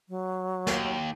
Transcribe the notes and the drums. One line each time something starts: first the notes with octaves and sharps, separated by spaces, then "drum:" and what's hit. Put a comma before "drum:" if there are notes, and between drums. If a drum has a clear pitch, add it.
F#3
D#2, drum: snare